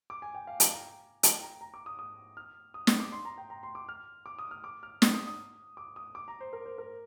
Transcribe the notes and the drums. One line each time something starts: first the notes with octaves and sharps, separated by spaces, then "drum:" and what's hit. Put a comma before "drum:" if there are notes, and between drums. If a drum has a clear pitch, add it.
D6
G#5
G5
F5
G5, drum: hi-hat
A#5
G5, drum: hi-hat
A#5
A#5
D6
D#6
D#6
F6
D#6
D#6, drum: snare
D6
C6
A#5
G5
A#5
C6
D6
F6
D6
D#6
F6
D6
F6
D#6, drum: snare
D#6
D#6
D6
D#6
D6
A#5
C5
A#4
C5
A#4